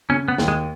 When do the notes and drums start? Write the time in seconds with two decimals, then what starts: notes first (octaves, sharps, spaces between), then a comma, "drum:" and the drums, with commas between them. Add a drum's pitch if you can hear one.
0.09 C#3 C#4
0.28 B3
0.38 D#2, drum: snare
0.48 G#3